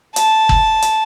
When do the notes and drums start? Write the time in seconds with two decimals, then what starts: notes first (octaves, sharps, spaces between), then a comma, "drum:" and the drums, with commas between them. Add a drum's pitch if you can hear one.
0.16 A5, drum: hi-hat
0.49 drum: kick
0.82 drum: hi-hat